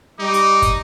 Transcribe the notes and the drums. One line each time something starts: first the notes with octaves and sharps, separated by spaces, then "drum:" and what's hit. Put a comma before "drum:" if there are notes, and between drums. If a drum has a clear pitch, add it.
G3 D#4 D6
drum: hi-hat
drum: kick, hi-hat